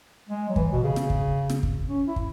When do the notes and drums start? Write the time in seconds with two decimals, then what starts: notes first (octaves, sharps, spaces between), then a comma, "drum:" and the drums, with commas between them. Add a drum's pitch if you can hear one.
0.29 G#3
0.50 F#3
0.56 E3, drum: kick
0.72 B2
0.84 C#3
0.96 drum: snare
1.10 drum: kick
1.50 drum: snare
1.63 drum: kick
1.89 C#4
2.07 E4
2.16 drum: kick